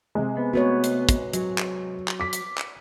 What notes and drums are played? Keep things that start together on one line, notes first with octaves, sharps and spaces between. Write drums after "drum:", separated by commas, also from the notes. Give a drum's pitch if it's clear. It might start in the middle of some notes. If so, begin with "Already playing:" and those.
C3 G#3
B3
A3 B3 F#4 B4 C#5
drum: hi-hat
drum: kick, hi-hat
F#3, drum: hi-hat
drum: clap
drum: clap
D6 B6
drum: hi-hat
drum: clap